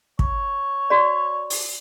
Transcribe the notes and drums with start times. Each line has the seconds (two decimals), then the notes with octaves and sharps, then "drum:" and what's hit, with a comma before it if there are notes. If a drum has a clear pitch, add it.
0.19 C#5, drum: kick
0.90 F#4 D5
1.50 drum: open hi-hat